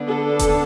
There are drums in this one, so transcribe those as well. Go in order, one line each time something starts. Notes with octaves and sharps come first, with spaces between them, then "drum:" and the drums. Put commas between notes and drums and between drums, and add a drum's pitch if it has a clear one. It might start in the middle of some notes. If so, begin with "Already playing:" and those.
Already playing: D3 B3 D4
A4
drum: kick D#1, hi-hat